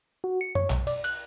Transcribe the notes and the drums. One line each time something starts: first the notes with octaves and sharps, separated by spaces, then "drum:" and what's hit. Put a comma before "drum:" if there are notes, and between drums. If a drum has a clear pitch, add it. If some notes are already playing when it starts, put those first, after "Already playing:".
F#4
C#7
C#5, drum: tom
B1, drum: clap
D5, drum: cymbal
F#6, drum: cymbal